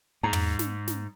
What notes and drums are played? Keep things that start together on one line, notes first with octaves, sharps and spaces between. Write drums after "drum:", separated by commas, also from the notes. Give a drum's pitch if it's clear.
G#2 A#5
drum: tom
drum: snare
drum: snare